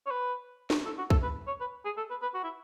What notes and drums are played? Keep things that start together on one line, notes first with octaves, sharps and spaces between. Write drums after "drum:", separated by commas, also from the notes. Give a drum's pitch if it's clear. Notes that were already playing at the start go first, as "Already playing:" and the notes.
C#5
B4
drum: snare
A4
F#4
A4, drum: kick
B4
C#5
B4
G#4
A4
B4
B4
F#4
E4